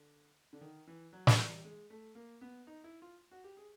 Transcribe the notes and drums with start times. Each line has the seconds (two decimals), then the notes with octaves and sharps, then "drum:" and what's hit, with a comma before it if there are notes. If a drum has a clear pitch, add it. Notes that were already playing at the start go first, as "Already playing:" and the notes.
Already playing: D3
0.53 D3
0.61 D#3
0.87 E3
1.13 F#3
1.27 drum: snare
1.38 G3
1.65 G#3
1.90 A3
2.15 A#3
2.41 B3
2.67 D#4
2.84 E4
3.02 F4
3.31 F#4
3.44 G4
3.57 G#4